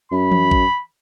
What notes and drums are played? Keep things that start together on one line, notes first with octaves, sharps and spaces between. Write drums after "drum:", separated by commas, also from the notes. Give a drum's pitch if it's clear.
F#2 B5
drum: tom E3
drum: kick A1